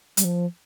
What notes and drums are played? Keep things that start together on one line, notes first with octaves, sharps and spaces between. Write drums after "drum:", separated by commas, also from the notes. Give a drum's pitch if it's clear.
G3, drum: hi-hat
F3